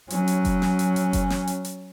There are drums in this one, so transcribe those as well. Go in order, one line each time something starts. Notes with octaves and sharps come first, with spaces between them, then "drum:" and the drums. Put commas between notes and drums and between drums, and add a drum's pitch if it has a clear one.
F#3 C#4, drum: hi-hat
drum: hi-hat
drum: kick F#1, hi-hat
drum: snare
drum: hi-hat
drum: hi-hat
drum: kick F#1, hi-hat
drum: snare
drum: hi-hat
drum: hi-hat